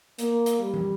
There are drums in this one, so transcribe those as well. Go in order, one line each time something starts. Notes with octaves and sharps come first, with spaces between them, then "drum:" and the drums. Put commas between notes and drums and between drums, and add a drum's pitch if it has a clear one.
A#3, drum: hi-hat
drum: hi-hat
G3
drum: tom